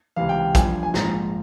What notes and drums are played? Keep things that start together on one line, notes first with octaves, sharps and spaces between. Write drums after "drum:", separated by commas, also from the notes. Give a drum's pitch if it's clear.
C#2 C3 E3 F5
G5
G1 G2 F3 G#5, drum: kick A#1, hi-hat
G#5
A#1 G#2 F3 A#5, drum: snare